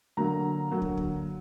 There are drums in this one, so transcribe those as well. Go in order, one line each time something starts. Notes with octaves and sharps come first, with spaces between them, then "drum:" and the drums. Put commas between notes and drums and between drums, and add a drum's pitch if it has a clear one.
D3 F#3 A#3 A#5
D3 F#3 A#3
drum: kick
drum: kick